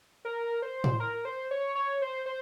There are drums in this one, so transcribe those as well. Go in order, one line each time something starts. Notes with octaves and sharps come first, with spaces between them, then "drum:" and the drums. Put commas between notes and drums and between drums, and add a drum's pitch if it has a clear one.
A#4
C5
drum: tom A2
A#4
C5
C#5
C#5
C5
C5